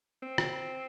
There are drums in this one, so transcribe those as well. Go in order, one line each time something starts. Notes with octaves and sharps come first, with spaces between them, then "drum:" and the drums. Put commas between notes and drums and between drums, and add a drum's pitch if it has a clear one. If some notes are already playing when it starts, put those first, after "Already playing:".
C4
drum: rim click